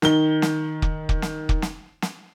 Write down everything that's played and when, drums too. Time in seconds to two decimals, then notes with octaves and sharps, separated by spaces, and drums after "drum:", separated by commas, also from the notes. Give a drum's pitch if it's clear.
0.02 D#3 G7, drum: snare
0.42 drum: snare
0.82 drum: kick
1.09 drum: kick
1.22 drum: snare
1.49 drum: kick
1.62 drum: snare
2.02 drum: snare